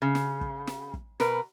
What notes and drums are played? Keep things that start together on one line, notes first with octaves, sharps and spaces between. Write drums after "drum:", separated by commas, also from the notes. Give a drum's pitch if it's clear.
C#3
drum: snare
drum: kick
drum: snare
drum: kick
B2 A#4 B4, drum: snare